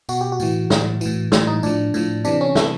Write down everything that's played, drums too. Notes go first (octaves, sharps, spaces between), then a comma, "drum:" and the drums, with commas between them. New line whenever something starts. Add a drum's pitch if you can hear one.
B2 F#4, drum: tambourine
G4
F#4
A2 E3, drum: tambourine
A2 E3, drum: snare
A2 E3, drum: tambourine
A2 E3, drum: snare
D#4
A2 F3 D4, drum: tambourine
A2 F3, drum: tambourine
C3 E3 D4, drum: tambourine
C#4
C3 E3 A3, drum: snare